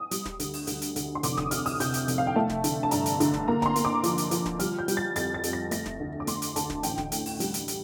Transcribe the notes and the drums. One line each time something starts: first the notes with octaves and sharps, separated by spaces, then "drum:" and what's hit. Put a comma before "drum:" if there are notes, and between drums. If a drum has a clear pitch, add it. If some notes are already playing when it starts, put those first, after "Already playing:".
Already playing: D#6
G3, drum: hi-hat
drum: snare
D2, drum: hi-hat
drum: open hi-hat
D2, drum: hi-hat
drum: hi-hat
D2, drum: hi-hat
C6
F1 D6, drum: hi-hat
D#6, drum: snare
C3 F6, drum: hi-hat
D#6, drum: open hi-hat
C3 G6, drum: hi-hat
drum: hi-hat
F1, drum: hi-hat
F5
G5
A3 A5
drum: snare
D3, drum: hi-hat
A5
G2 A#5, drum: hi-hat
drum: hi-hat
D3, drum: hi-hat
drum: snare
A#3 A#5
A#5, drum: snare
C6
A#3, drum: hi-hat
D6
F3, drum: hi-hat
drum: hi-hat
F3, drum: hi-hat
drum: snare
G3 F6, drum: hi-hat
G6
G3, drum: hi-hat
A6
F2 A6, drum: hi-hat
A6
F2, drum: hi-hat
A#6
A3 A#6, drum: hi-hat
drum: snare
D2
D6
A3 C6, drum: hi-hat
drum: hi-hat
D2 A5, drum: hi-hat
drum: snare
A1 G5, drum: hi-hat
drum: snare
A2, drum: hi-hat
drum: open hi-hat
G3, drum: hi-hat
drum: hi-hat
drum: hi-hat